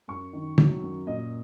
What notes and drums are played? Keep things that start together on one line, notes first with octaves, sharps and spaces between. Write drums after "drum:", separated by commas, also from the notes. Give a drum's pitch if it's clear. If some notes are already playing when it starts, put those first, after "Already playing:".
F#2 C#6
D#3
F#3, drum: tom
F#2
A#2 D#5